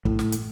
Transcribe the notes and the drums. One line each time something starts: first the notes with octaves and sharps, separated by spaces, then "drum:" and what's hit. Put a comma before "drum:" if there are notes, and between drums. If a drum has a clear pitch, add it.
A2, drum: kick
drum: snare
drum: hi-hat